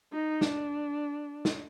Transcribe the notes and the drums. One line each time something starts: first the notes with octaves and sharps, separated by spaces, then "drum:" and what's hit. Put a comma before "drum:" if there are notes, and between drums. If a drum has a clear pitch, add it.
D#4
D4, drum: snare
drum: snare